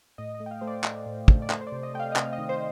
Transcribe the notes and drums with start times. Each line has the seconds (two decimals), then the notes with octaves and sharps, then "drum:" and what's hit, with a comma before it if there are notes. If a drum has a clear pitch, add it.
0.18 A2 D#5
0.35 D#5
0.40 A3
0.46 G5
0.51 F5
0.61 A3 C5
0.67 D5
0.84 A3, drum: clap
1.06 A2
1.28 A3, drum: kick
1.42 D5
1.50 A3 C5, drum: clap
1.61 C5
1.67 D5
1.72 C3
1.83 D#5
1.94 A3 G5
2.00 F5
2.12 D#5
2.16 C3 F5, drum: clap
2.33 D#5
2.38 D#3
2.49 C5